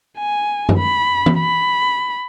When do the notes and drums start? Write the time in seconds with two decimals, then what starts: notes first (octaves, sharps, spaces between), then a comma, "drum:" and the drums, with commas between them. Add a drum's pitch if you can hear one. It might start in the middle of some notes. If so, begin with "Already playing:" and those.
0.18 G#5
0.69 drum: tom F#2
0.78 B5
1.26 drum: tom E3
1.38 B5